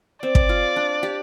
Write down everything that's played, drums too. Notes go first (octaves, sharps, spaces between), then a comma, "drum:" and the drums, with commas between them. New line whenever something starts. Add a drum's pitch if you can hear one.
C4 D5
drum: kick
F4
D4
G4